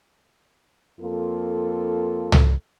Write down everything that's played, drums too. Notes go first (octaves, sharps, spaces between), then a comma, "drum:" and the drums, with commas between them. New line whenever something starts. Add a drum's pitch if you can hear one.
F2 A#3 F4 A4
drum: tom